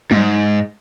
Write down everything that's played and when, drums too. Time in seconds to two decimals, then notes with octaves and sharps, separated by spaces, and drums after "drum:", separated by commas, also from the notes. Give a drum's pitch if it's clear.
0.11 G#2, drum: tom F#3